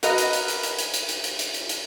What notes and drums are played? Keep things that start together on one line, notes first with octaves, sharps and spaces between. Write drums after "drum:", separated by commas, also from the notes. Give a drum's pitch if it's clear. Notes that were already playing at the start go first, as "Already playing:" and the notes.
F#4 A#4 B4 D#5 F5, drum: hi-hat
drum: hi-hat
drum: hi-hat
drum: hi-hat
drum: hi-hat
drum: hi-hat
drum: hi-hat
drum: hi-hat
drum: hi-hat
drum: hi-hat
drum: hi-hat
drum: hi-hat